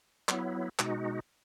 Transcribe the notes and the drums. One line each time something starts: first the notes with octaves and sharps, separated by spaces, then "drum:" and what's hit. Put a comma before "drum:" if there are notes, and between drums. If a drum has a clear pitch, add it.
F#3 B3 E4, drum: clap
B2 G#3 D#4 F#4, drum: clap